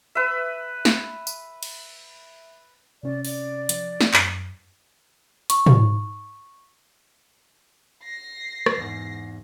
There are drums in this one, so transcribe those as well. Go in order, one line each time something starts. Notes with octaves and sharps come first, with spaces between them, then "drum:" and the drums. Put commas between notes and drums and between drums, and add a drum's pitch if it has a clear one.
B4 E5
drum: snare
drum: tambourine
drum: cymbal
C3 C#4 D5
D5, drum: open hi-hat
F3, drum: hi-hat
drum: snare
F#2, drum: clap
C#6, drum: hi-hat
drum: tom
A#6 C7
drum: rim click
E2 G#2